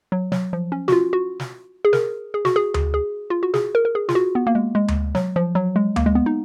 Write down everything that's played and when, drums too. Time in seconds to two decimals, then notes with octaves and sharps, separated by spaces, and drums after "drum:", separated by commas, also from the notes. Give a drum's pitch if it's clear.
0.12 F#3
0.32 F#3, drum: snare
0.53 F3
0.72 C#4
0.88 F#4, drum: snare
0.92 F4
1.13 F#4
1.40 drum: snare
1.85 G#4
1.93 A#4, drum: snare
2.34 G#4
2.45 F#4, drum: snare
2.56 G#4
2.74 G#4, drum: tom D2
2.94 G#4
3.30 F4
3.43 F#4
3.54 G#4, drum: snare
3.75 A#4
3.85 A#4
3.95 G#4
4.09 F4, drum: snare
4.15 F#4
4.35 B3
4.47 A#3
4.55 G#3
4.75 G#3
4.88 drum: tom D2
5.15 F#3, drum: snare
5.36 F3
5.55 F#3
5.76 G#3
5.96 A#3, drum: tom D2
6.06 G#3
6.15 B3
6.26 D#4